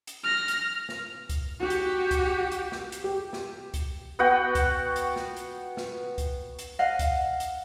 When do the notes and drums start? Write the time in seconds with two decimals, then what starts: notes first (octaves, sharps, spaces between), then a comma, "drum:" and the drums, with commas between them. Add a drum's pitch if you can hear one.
0.07 drum: hi-hat
0.24 F6 A#6
0.48 drum: hi-hat
0.89 drum: snare
1.29 drum: kick C2, hi-hat
1.59 F#4 G4
1.70 drum: hi-hat
2.11 drum: kick C2, hi-hat
2.52 drum: hi-hat
2.72 drum: snare
2.92 drum: hi-hat
3.04 G4
3.33 drum: snare
3.74 drum: kick C2, hi-hat
4.19 B3 F#4 F#5 G5
4.55 drum: kick C2, hi-hat
4.96 drum: hi-hat
5.16 drum: snare
5.36 drum: hi-hat
5.77 drum: snare
6.18 drum: kick C2, hi-hat
6.59 drum: hi-hat
6.79 D#5 F5 F#5
6.99 drum: kick C2, hi-hat
7.40 drum: hi-hat